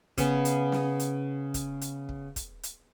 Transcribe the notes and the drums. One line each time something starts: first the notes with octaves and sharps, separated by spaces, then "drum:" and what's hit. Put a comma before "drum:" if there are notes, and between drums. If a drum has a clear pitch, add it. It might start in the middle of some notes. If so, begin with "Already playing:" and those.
C#3 B3 C#4, drum: kick, hi-hat
drum: hi-hat
drum: snare
drum: hi-hat
drum: kick, hi-hat
drum: hi-hat
drum: kick
drum: kick, hi-hat
drum: hi-hat